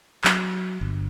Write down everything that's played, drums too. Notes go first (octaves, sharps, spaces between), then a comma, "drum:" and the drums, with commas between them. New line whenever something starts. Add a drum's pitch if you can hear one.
F#3, drum: clap
G1